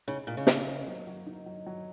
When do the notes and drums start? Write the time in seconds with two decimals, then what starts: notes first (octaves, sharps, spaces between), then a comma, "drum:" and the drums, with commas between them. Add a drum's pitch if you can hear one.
0.08 C#3 D#4
0.27 A#2 D#4
0.37 C#3
0.47 D#4, drum: snare
0.67 A#3
0.87 F#3
1.07 F#3
1.26 D#4
1.46 F#3
1.67 F#3